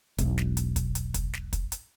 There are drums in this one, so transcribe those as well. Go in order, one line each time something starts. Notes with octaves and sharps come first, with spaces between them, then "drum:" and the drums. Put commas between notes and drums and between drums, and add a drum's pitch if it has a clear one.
E1 B1, drum: hi-hat
drum: snare
drum: hi-hat
drum: kick, hi-hat
drum: hi-hat
drum: kick, hi-hat
drum: snare
drum: kick, hi-hat
drum: hi-hat